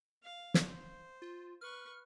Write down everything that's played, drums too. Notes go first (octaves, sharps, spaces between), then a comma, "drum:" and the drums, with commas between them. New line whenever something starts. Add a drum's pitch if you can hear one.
F5
drum: snare
C5
F4
B4 C#6 F6